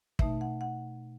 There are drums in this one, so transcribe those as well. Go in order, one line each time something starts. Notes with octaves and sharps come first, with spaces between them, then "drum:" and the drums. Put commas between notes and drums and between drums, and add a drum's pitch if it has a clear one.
B2 A3 D#4 E5, drum: kick
F#5
F#5